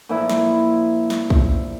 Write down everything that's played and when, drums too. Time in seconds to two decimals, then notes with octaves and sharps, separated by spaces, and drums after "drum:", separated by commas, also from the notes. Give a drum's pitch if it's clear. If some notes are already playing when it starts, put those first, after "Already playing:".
0.09 A#2 F3 E4
0.30 drum: snare
1.10 drum: snare
1.30 drum: kick